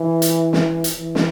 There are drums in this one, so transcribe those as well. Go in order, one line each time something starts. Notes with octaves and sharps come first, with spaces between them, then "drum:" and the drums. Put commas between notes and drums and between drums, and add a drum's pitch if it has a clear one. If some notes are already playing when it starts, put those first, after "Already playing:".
Already playing: E3
drum: hi-hat
drum: snare
drum: hi-hat
E3
drum: snare